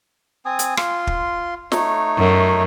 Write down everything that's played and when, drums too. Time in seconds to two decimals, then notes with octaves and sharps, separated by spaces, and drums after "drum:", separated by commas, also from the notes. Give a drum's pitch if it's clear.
0.46 C4 G#5 D#6
0.59 drum: hi-hat
0.77 F4 C6, drum: rim click
1.07 drum: kick
1.72 A3 D#4 C#5, drum: snare
2.17 F#2